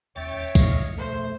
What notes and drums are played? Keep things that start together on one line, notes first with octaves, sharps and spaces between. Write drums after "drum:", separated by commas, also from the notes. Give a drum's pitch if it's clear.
D#1 E2 C#4 C#5 E5 G5 A6
F2 B2 F3 D#5 F5, drum: kick B1, tambourine
A3 C5